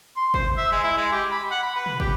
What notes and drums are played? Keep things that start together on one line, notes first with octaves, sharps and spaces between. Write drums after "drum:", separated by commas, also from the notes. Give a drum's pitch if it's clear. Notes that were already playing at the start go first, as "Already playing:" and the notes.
C6
C5, drum: kick
E5
G#3
E4
G#3
G4
B5
F#5
B5
B4
drum: tom
G4, drum: kick